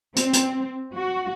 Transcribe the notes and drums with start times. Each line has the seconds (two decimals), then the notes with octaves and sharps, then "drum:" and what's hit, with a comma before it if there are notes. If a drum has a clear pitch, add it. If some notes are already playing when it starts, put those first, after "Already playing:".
0.16 C4, drum: hi-hat
0.33 drum: hi-hat
0.96 F#4